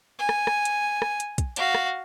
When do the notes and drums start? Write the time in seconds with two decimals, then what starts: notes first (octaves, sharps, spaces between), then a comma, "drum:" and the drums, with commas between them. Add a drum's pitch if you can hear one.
0.19 G#5
0.29 drum: rim click
0.47 drum: rim click
0.65 drum: hi-hat
1.02 drum: rim click
1.20 drum: hi-hat
1.38 drum: kick, hi-hat
1.56 F#4 F5, drum: hi-hat
1.75 drum: rim click